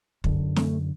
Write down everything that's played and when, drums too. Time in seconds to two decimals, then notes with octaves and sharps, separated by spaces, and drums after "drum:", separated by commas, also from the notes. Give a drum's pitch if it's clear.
0.24 F#2 D3, drum: kick
0.56 A3, drum: snare